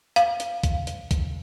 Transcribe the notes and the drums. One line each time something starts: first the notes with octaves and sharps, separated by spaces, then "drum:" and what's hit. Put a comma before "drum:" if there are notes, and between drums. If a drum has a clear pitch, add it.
F5, drum: hi-hat
drum: hi-hat
drum: kick B1, hi-hat
drum: hi-hat
drum: kick B1, hi-hat